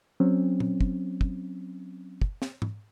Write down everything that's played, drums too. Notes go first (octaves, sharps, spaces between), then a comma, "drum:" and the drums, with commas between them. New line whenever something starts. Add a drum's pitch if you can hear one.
F#3 C4 C#4
drum: tom
drum: kick
drum: kick
drum: kick
drum: snare
drum: tom